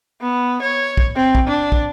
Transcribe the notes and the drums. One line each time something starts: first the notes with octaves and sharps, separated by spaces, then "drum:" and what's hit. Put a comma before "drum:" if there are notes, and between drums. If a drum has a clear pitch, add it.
B3
C#5
drum: kick
C4
drum: kick
D4
drum: kick